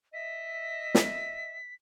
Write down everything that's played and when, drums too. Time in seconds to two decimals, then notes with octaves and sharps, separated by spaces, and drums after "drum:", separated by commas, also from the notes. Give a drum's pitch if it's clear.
0.14 D#5 E5 B6
0.95 drum: snare